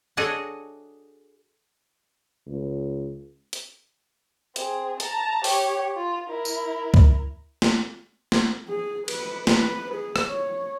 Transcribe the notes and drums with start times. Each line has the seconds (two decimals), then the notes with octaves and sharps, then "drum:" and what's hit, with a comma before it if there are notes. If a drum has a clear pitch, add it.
0.17 D4 F#4 G#4 A4 C#5 D#5
2.47 C#2
3.53 drum: hi-hat
4.56 C4 G#4, drum: hi-hat
5.00 A5 A#5, drum: hi-hat
5.44 G4 C#5, drum: open hi-hat
5.96 F4
6.28 E4 A#4
6.45 drum: tambourine
6.94 drum: kick C#2
7.62 drum: snare
8.32 drum: snare
8.69 G#4
9.08 B4, drum: cymbal
9.47 B4, drum: snare
9.95 G#4
10.16 drum: rim click
10.26 C#5